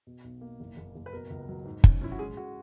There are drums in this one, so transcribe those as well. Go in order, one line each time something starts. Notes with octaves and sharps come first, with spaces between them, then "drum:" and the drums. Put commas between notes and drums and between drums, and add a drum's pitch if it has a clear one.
B2
B1
A#3
F#1
F#1
F#1
B4
B2 A#4
C#2
F#3
G#2
C#4, drum: kick
C#4 E4
F#4
G#3 G#4
G#3 F#4